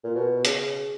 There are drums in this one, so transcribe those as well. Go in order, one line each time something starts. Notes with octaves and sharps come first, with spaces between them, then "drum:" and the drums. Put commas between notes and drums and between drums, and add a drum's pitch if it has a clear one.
A#2
B2
C#3, drum: hi-hat